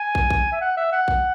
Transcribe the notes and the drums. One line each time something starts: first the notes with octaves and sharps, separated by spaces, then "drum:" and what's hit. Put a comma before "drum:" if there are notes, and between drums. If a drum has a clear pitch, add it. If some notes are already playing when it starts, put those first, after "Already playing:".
Already playing: G#5
drum: kick
drum: kick
E5
F#5
E5
F#5
drum: kick